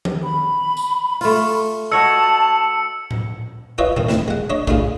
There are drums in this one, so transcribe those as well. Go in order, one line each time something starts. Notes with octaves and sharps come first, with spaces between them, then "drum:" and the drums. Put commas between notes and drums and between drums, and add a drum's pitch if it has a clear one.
drum: tom D#3
B5
drum: tambourine
A3 F4, drum: open hi-hat
F#4 C#5 D#5 A5 E6 C#7
drum: tom A2
E4 F4 B4 C#5 D#5 E5
D#3 C4, drum: tom A2
D2 C4 E4, drum: snare
G#3 F#5
D4 C#5 D#5
A3 D4 E4 F4 G#4, drum: kick A#1